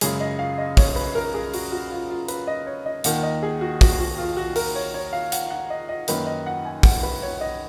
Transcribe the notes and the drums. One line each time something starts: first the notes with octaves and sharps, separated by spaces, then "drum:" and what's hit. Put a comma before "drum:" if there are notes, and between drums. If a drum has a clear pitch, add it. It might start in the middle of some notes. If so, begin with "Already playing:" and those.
F#2 C#3 G#3 G#4, drum: hi-hat
D#5
F5
D#5
C#5, drum: kick, open hi-hat
B4
A#4
G#4
F#4, drum: open hi-hat
F#4
F4
F4
B4, drum: hi-hat
D#5
C#5
D#5
D#2 D#3 A#3 F#5, drum: hi-hat
D#5
G#4
F#4
F#4, drum: kick, open hi-hat
F#4
F4
F#4
A#4, drum: open hi-hat
C#5
C#5
F5
F#5, drum: hi-hat
F#5
D#5
D#5
F#2 D#3 A#3 D#4 B4, drum: hi-hat
D#5
F#5
G#5
F#5, drum: kick, open hi-hat
B4
C#5
D#5